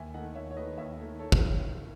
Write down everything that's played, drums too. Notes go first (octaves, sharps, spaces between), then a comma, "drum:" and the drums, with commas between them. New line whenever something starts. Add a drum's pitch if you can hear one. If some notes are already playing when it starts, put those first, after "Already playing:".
Already playing: D#2 E5 G#5
D#3 A3 D#5 F#5
D#2 C#5 E5
C#5
D#3 A3 B4 D#5
D#2 C#5 E5
D#3 A3
A4 C#5
drum: kick